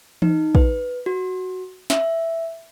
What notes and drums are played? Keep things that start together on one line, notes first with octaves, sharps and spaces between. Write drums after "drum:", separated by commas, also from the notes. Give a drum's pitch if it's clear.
D#4, drum: tom E3
B4, drum: kick
F#4
E5, drum: snare